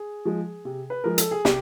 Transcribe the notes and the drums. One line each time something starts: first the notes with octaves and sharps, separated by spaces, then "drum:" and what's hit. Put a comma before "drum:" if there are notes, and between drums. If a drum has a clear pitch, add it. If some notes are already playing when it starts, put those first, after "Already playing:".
Already playing: G#4
F3 G#3
C3
B4
F3 G#3 A#4
A4, drum: hi-hat
G#4
C3 G4, drum: snare